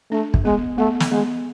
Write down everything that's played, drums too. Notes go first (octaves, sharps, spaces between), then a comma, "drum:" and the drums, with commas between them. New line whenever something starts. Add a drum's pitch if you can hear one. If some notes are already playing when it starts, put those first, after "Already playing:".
A3 D4
drum: kick
G#3 B3
A3 B3
drum: snare
G#3 B3